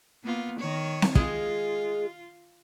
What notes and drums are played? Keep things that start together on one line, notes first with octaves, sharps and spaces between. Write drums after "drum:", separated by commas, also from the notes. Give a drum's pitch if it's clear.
A#3 B3 F4
D#3 C#5
drum: snare C4
G#3 F4 G#4, drum: kick